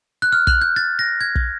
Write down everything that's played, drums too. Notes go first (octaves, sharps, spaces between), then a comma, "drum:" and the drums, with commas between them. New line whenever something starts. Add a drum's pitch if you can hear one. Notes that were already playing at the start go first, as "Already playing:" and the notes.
F#6
F6
F#6, drum: kick
G6
A6
A#6
G#6
drum: kick